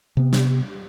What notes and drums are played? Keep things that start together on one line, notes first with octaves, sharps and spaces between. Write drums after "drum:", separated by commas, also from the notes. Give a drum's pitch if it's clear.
C3 B3
drum: snare